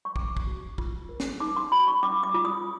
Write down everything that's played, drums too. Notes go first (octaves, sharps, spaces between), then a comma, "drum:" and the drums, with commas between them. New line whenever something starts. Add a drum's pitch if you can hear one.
C#6
C#4 D6, drum: kick
drum: kick
F#4
F4, drum: kick
A#4
drum: snare
D#4 D6
C6
F#4 B5
C#6
C#4 D6
D6
F4
D#6